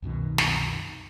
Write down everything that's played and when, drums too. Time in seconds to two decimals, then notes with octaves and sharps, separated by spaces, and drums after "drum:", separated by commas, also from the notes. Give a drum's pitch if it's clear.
0.02 C2 F#2 B2 D#3
0.38 drum: snare